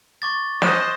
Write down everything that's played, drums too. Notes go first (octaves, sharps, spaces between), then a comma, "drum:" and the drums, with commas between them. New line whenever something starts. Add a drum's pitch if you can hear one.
C#6 D6 A6
C5 D#5 F#6 E7, drum: snare